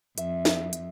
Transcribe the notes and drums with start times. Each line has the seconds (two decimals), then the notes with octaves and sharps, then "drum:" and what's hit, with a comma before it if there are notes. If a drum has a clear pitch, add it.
0.18 F2 E5, drum: hi-hat
0.45 drum: snare
0.73 drum: hi-hat